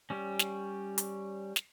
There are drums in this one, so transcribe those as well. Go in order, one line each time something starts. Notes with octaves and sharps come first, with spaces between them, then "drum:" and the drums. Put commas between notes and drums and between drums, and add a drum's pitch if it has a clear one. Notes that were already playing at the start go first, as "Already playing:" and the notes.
G3 C#4
drum: snare
drum: hi-hat
drum: snare